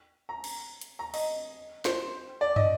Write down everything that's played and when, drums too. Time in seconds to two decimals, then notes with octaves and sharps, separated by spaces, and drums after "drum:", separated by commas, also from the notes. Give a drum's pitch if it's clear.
0.29 A#5
0.44 drum: cymbal
0.81 drum: hi-hat
0.99 A#5
1.14 D#5, drum: cymbal
1.85 C5, drum: snare
2.41 D5
2.56 D#5, drum: tom